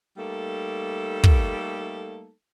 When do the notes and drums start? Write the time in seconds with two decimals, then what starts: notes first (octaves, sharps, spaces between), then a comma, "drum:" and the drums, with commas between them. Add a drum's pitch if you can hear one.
0.17 G3 A3 A#3 D#4 A4
1.24 drum: kick